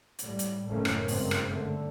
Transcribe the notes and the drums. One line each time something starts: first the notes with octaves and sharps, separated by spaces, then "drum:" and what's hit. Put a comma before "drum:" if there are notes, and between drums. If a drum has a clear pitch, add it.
A2 G3, drum: hi-hat
drum: hi-hat
F#1 A2 D#3 A3 A#3 C#4
drum: rim click
G2 C#3 G#3 A#3 C4, drum: open hi-hat
drum: rim click
D3 A3